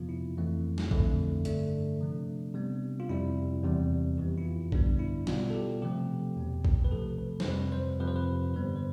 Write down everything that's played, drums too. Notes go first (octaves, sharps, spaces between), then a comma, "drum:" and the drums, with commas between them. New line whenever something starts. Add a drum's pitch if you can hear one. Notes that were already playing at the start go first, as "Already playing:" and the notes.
Already playing: F2 C3 F3 B3 F4
E4
F2 E3 A3
drum: snare
F2 D3 A3, drum: kick A#1
G2 D3 A3 D4, drum: hi-hat
C3 F3 A3
C3 G3 B3
F4
F2 C3 G3 E4
E2 C3 E3 G3
F2 E3 B3 G4
E4
F4
G2 D3 G3 B3 D4, drum: kick A#1
E4
B2 G3 B3 F4, drum: snare
A4
G4
C3 F3 A3 G4
E2 B2 B3
drum: kick A#1
B4
C3 F3 A3 A4
B4
C5, drum: snare
F2 C3 G3 B4
C5
F2 C3 F3 B4
C5
B4
G2 D3 G3 B3 B4
C5